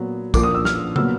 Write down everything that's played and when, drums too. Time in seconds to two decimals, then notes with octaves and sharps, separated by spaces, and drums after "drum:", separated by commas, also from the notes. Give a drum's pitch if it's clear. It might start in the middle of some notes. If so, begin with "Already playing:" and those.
Already playing: A#2 F#3 B3
0.34 A#2 F3 A#3 D6, drum: kick, tambourine
0.43 D#6
0.54 E6
0.65 F6, drum: snare
0.96 A#2 F#3 B3 E6, drum: tom